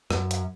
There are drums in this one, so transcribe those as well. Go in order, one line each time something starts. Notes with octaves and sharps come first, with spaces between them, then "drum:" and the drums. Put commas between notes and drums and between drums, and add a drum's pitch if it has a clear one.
F#2, drum: rim click
drum: hi-hat